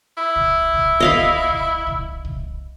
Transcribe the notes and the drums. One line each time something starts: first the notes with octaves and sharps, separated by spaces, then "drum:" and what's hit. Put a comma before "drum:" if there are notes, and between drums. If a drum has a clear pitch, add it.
E4
drum: kick C2
drum: kick C2
D#5 F5 B5
drum: kick C2
drum: kick C2
drum: kick C2
drum: kick C2